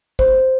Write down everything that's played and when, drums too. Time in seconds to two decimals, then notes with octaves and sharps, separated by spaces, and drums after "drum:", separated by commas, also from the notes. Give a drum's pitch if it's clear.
0.19 C5, drum: kick